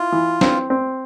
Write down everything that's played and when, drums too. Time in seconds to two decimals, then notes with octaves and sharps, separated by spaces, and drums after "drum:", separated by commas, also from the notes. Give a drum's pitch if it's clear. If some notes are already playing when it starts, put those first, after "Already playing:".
Already playing: E4 F4
0.12 E3
0.41 C4, drum: snare
0.70 C4